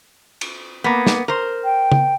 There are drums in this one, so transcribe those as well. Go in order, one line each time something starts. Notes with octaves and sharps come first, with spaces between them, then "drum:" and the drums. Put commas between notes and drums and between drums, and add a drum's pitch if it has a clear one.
drum: cymbal
A#3 B3
drum: snare
A#4 C5
G5
drum: tom C#3